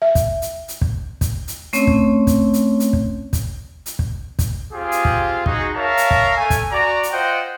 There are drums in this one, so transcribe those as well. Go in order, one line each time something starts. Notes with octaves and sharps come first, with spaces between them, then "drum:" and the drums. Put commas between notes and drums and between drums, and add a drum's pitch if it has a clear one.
E5
drum: kick, hi-hat
drum: hi-hat
drum: hi-hat
drum: kick
drum: kick, hi-hat
drum: hi-hat
A3 C4 C#4 C#5, drum: hi-hat
drum: kick
drum: kick, hi-hat
drum: hi-hat
drum: hi-hat
drum: kick
drum: kick, hi-hat
drum: hi-hat
drum: kick
drum: kick, hi-hat
C4 F4 G4 G#4
drum: hi-hat
drum: kick
D#4 F#4 G#4, drum: kick
A#4 C#5 E5 F5 A5 A#5
drum: hi-hat
drum: kick
A3 G#5
drum: kick, hi-hat
F#4 D5 A#5
drum: hi-hat
F4 C5 D#5 F#5 G5